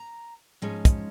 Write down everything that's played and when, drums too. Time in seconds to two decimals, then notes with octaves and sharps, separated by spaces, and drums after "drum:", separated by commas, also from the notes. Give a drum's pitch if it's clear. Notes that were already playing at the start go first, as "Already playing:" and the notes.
Already playing: A#5
0.62 G#2 F3 G#3 C#4
0.85 drum: kick, hi-hat